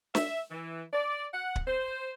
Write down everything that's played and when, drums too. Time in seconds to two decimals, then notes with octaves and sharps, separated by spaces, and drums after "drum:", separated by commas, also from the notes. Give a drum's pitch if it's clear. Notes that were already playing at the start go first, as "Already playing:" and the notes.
0.15 E5, drum: snare
0.51 E3
0.93 D5
1.34 F#5
1.56 drum: kick
1.67 C5